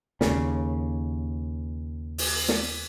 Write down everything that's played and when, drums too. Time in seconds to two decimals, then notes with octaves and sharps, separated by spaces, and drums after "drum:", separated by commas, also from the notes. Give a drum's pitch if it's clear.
0.21 D#2 C#3, drum: snare
2.18 drum: open hi-hat
2.49 drum: snare